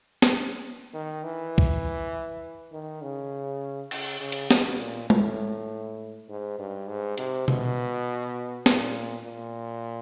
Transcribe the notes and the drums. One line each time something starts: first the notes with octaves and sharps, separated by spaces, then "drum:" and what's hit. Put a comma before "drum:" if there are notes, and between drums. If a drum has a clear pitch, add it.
drum: snare
D#3
E3
drum: kick
D#3
C#3
C#3, drum: cymbal
C#3
drum: hi-hat
B2, drum: snare
A#2
A2, drum: tom G#3
G#2
G2
G#2
C3, drum: hi-hat
B2, drum: tom B2
A#2, drum: snare
A#2